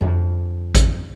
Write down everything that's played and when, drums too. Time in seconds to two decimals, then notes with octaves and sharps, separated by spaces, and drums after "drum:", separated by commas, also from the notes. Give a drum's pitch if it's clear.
0.01 F2 D3
0.75 drum: kick G#1, hi-hat